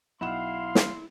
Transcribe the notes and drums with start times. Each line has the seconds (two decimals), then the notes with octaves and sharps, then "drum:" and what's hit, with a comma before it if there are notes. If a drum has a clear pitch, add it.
0.21 B1 E4 F5 F#5 C6 E7
0.75 drum: snare